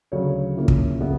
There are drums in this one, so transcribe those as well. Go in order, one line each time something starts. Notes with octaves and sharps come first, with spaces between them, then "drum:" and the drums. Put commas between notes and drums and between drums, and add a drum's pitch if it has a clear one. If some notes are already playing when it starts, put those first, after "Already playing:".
D2 C#3 F#3 C#5
A#2 A#3 C#4 E4
drum: kick
C#3 G3 B3 E5